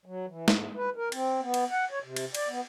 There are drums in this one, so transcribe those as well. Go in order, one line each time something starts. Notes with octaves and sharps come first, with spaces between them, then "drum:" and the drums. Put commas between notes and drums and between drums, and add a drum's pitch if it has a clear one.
F#3
E3
G#2, drum: snare
B4
A#4
C4, drum: cymbal
B3
drum: cymbal
F#5
C#5
C3
drum: cymbal
D5, drum: cymbal
B3